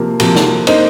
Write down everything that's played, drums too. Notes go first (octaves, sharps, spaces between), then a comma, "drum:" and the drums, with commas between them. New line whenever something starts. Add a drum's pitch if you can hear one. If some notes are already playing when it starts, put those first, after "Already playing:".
Already playing: C3 F3 A#3
C3 F3 A#3, drum: cymbal
drum: snare
A#3 D#4 C5 D#5, drum: cymbal